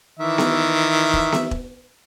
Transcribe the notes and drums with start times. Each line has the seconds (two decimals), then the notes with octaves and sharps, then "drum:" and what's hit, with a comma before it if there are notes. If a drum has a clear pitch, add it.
0.19 D#3 E3 E5
0.38 drum: snare B3
1.14 drum: kick E1
1.32 drum: snare B3
1.51 drum: kick E1